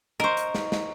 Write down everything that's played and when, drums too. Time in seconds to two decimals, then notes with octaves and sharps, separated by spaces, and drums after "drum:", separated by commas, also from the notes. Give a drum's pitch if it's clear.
0.20 A#4 C5 D#5 A#5 C#6
0.37 drum: hi-hat
0.55 drum: snare
0.72 drum: snare